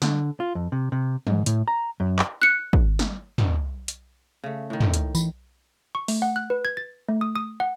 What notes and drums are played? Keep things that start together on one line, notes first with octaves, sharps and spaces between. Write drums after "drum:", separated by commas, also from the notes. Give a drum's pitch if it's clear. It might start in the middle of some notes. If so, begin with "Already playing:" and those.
D3, drum: snare
F4
F2
C3
C3
G#2, drum: tom
A2, drum: hi-hat
A#5
F#2
drum: clap
F#6 C#7
drum: kick
drum: snare
drum: tom
drum: hi-hat
C#3 A3
A2 D#3
drum: tom
drum: hi-hat
E3, drum: tambourine
C#6
A3, drum: open hi-hat
F#5
F#6
B4
G#6
A6
A3
D#6
D#6
F#5